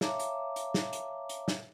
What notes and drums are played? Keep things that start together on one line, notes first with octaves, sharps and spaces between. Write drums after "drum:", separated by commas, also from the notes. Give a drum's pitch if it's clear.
C#5 E5 F5 A5 A#5 D6, drum: snare
drum: hi-hat
drum: hi-hat
drum: snare
drum: hi-hat
drum: hi-hat
drum: snare